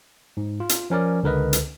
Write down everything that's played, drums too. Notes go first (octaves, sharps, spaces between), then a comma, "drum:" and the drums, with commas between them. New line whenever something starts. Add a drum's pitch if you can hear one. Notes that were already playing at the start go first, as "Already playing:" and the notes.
G#2
F4
drum: hi-hat
F3 C#4 A#4 D5
C#2 D3 A#4 B4 D#5
drum: hi-hat